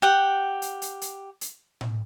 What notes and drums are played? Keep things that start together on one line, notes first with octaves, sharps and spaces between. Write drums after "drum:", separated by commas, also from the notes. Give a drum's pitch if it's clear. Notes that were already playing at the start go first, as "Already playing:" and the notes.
G4 F#5 G5
drum: hi-hat
drum: hi-hat
drum: hi-hat
drum: hi-hat
drum: tom A2